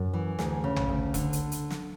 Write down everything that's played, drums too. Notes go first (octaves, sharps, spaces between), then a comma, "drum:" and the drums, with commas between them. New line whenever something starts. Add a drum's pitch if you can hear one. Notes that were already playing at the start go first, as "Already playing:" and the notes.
Already playing: F#2
E3
D2 G#4, drum: snare
C#3
drum: tom
D2
D3, drum: kick E1, hi-hat
drum: hi-hat
drum: hi-hat
drum: snare